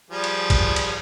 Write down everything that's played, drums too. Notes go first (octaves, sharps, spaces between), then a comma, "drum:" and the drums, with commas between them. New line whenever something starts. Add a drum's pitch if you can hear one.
F3 G3 G#4
drum: cymbal
drum: kick, cymbal
drum: cymbal